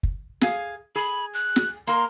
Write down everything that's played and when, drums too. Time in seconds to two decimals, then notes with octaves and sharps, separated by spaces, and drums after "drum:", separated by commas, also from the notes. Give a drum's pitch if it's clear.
0.03 drum: kick
0.41 G#4 F5, drum: snare
0.96 G#4 B5
1.34 F#6
1.56 drum: snare
1.87 A#3 A#4 C6